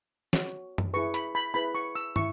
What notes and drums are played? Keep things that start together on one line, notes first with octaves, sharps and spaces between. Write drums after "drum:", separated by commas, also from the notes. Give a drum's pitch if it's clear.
F#4 C#5, drum: snare
drum: tom F#2
E4 G#4 B4 C#6
B5, drum: hi-hat
B5
E4 G#4 B4 B5
C#6
E6
E4 C#6, drum: tom